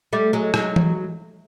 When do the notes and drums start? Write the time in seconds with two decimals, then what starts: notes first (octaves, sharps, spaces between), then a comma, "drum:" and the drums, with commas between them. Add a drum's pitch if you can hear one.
0.13 G3 A3
0.33 F#3 G#3
0.54 F#3 G#3, drum: rim click
0.76 drum: tom E3